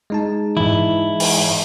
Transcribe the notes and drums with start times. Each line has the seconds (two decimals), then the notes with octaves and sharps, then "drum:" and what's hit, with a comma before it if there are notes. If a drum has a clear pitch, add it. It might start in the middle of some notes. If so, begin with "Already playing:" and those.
0.10 G#3 D#4 A5
0.57 G#2 E3 E4
1.20 drum: open hi-hat